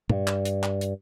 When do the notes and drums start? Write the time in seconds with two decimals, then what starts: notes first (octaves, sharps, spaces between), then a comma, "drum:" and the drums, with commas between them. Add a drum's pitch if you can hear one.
0.10 G2, drum: tom
0.27 drum: clap
0.45 drum: hi-hat
0.63 drum: clap
0.81 drum: hi-hat